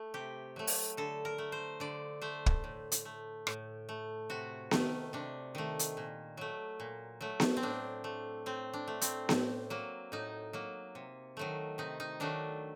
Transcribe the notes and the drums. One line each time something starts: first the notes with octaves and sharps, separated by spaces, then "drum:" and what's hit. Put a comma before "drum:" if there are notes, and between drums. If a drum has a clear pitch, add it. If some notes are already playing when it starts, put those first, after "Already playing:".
Already playing: A3
C3 G4
F#3 A3
drum: open hi-hat
D3 A4
A#4
A3
C5
D3 D5
A3 C5
drum: kick
A2
drum: hi-hat
A3
A2, drum: rim click
A3
C3 F#4
D#3 A3, drum: snare B3
C3 D4
D#3 A3
drum: hi-hat
A#2
F#3 A3
A#2
F#3 A3
drum: snare B3
C4
A2 D4
A3
A2 C4
D4
A3
C4, drum: hi-hat
A2, drum: snare B3
F#3 A#3
A2 D#4
F#3 A#3
C3
D#3 F#3 A3
C3 D#4
D#4
D#3 F#3 A3 D4